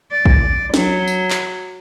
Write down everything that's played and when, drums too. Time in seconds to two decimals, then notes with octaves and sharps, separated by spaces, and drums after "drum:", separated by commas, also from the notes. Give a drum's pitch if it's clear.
0.12 D5
0.26 drum: kick A1
0.74 F#3, drum: snare
1.07 drum: tambourine
1.30 drum: clap